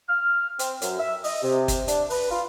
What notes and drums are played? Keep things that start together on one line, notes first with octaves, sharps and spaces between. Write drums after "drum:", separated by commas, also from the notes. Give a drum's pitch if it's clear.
F6
C4, drum: hi-hat
F#2, drum: hi-hat
E5
D#5, drum: open hi-hat
C3
drum: kick, hi-hat
D4, drum: hi-hat
B4, drum: open hi-hat
F4